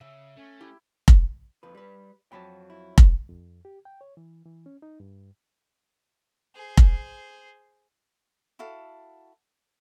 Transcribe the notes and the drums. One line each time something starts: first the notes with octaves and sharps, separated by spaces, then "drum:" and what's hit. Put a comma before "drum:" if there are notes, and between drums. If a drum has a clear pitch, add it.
C#3 C#4 E5
A3 C#4
E4 G4
drum: kick F1
F2 F3 B4
G3 B4
F2 F#3 G5 A5 B5
E4
drum: kick F1
F2
G4
G5
C#5
E3
E3
C#4
D#4
G2
G#4 C5
drum: kick F1
E4 F#4 A4 F5